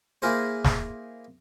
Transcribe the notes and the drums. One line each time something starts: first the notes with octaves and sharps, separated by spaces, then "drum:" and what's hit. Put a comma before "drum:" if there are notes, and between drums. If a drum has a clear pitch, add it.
A#3 E4 G#4 A#4 C5
drum: snare